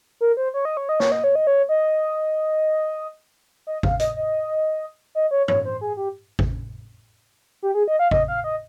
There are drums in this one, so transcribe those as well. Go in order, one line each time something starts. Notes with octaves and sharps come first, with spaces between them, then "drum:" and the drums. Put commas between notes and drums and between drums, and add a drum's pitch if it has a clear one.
A#4
C5
C#5
D#5
C#5
D#5
C#5, drum: snare
D#5
C#5
D#5
C#5
D#5
D#5
F5, drum: kick G#1
D#5, drum: hi-hat
D#5
D#5
C#5
C#5, drum: tom G2
C5
G#4
G4
drum: kick G#1
G4
G#4
D#5
F5
D#5, drum: kick G#1
F5
D#5